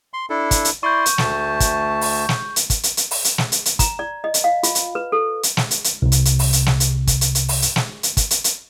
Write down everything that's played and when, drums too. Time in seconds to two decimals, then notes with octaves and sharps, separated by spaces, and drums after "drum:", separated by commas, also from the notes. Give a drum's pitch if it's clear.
0.14 C6
0.30 D4 E4 A4
0.51 drum: kick, hi-hat
0.65 drum: hi-hat
0.83 E4 D5 C6 C#6 G6
1.06 drum: hi-hat
1.18 D2 A3 A5, drum: snare
1.60 drum: kick, hi-hat
2.01 drum: open hi-hat
2.29 drum: snare
2.56 drum: hi-hat
2.70 drum: kick, hi-hat
2.83 drum: hi-hat
2.97 drum: hi-hat
3.11 drum: open hi-hat
3.24 drum: hi-hat
3.38 drum: snare
3.52 drum: hi-hat
3.65 drum: hi-hat
3.79 A#5, drum: kick, hi-hat
3.99 D5
4.24 D#5
4.34 drum: hi-hat
4.44 F5
4.63 F4, drum: hi-hat
4.75 drum: hi-hat
4.95 B4
5.12 A4
5.43 drum: hi-hat
5.57 drum: snare
5.71 drum: hi-hat
5.84 drum: hi-hat
6.02 C2 C3
6.12 drum: hi-hat
6.25 drum: hi-hat
6.39 drum: open hi-hat
6.53 drum: hi-hat
6.66 drum: snare
6.80 drum: hi-hat
7.07 drum: kick, hi-hat
7.21 drum: hi-hat
7.35 drum: hi-hat
7.48 drum: open hi-hat
7.62 drum: hi-hat
7.76 drum: snare
8.03 drum: hi-hat
8.17 drum: kick, hi-hat
8.31 drum: hi-hat
8.44 drum: hi-hat